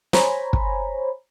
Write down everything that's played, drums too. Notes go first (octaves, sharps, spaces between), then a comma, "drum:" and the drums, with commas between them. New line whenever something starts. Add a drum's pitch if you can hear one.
C5 C#5 G#5 A#5 B5, drum: snare
drum: kick